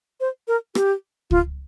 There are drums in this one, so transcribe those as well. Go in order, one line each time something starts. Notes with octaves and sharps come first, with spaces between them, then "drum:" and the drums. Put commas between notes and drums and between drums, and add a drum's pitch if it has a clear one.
C5
A#4
G4, drum: rim click
F4, drum: kick C#2